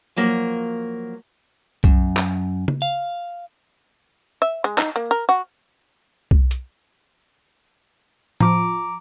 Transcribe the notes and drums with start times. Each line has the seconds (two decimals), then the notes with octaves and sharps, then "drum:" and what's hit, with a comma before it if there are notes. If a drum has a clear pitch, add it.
0.16 F3 F#3 A#3 A#4
1.84 F#2, drum: kick B1
2.17 drum: clap
2.68 drum: tom C#3
2.82 F5
4.42 E5
4.64 G#3
4.78 D#4, drum: clap
4.96 A#3
5.11 A#4
5.29 F#4
6.31 drum: kick B1
6.51 drum: hi-hat
8.40 F3 A#5 D6 D7, drum: tom A2